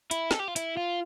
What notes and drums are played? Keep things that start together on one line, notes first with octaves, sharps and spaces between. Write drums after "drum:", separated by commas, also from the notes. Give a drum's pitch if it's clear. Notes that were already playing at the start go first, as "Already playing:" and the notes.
E4, drum: hi-hat
A4, drum: snare
G4
F4
E4, drum: hi-hat
F4